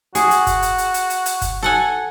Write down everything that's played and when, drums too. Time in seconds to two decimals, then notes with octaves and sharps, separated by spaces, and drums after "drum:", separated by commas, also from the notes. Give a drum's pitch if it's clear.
0.15 F#4 G#4, drum: hi-hat
0.31 drum: hi-hat
0.47 drum: kick, hi-hat
0.62 drum: hi-hat
0.78 drum: hi-hat
0.94 drum: hi-hat
1.10 drum: hi-hat
1.26 drum: hi-hat
1.42 drum: kick, hi-hat
1.63 A4 F#5 G#5